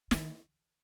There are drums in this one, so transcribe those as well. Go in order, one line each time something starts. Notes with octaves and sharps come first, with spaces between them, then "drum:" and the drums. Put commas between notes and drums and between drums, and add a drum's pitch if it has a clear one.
D#3, drum: snare